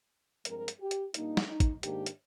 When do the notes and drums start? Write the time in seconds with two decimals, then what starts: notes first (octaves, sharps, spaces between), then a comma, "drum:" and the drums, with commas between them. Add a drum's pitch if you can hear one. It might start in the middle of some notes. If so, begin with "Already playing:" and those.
0.45 G2 F3 G#3 C4 A#4, drum: hi-hat
0.68 drum: hi-hat
0.80 G4
0.91 drum: hi-hat
1.14 A#2 G3 A#3 D4 D#4, drum: hi-hat
1.37 drum: snare
1.49 D#4
1.60 drum: kick, hi-hat
1.83 G#2 D#3 A#3 D4 G4, drum: hi-hat
2.06 drum: hi-hat